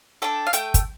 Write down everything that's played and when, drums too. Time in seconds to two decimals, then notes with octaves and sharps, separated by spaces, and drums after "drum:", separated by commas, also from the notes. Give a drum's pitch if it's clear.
0.22 D4 A4 G5
0.46 F5
0.53 A3 G5, drum: hi-hat
0.74 drum: kick, hi-hat